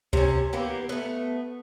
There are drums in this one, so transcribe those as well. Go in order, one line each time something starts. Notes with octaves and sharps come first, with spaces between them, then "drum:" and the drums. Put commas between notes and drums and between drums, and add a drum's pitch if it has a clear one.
C3 C#4, drum: kick C#2
E3 A#3 B3 G4
A3 B3